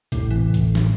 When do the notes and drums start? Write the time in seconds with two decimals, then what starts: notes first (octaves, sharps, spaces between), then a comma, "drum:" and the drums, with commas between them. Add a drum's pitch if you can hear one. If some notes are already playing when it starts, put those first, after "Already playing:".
0.12 A2 C3, drum: kick, hi-hat
0.31 E3
0.54 drum: kick, hi-hat
0.75 drum: snare